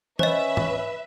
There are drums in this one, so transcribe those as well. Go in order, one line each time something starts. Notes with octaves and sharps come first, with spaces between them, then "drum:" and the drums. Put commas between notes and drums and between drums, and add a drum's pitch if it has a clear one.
C#4 B4 C5 D#5 E5, drum: tom E3
drum: tom G#2